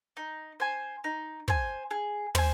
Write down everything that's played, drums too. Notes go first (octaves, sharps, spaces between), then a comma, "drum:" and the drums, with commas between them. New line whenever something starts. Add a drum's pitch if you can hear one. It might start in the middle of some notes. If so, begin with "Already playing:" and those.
D#4
C5 G#5
D#4
C5 G#5, drum: kick
G#4
C5 G#5, drum: tom